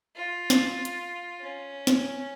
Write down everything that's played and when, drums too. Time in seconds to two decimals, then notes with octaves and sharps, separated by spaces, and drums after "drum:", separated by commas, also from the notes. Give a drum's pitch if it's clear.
0.16 F4
0.50 drum: snare
0.85 drum: hi-hat
1.41 C#4
1.87 drum: snare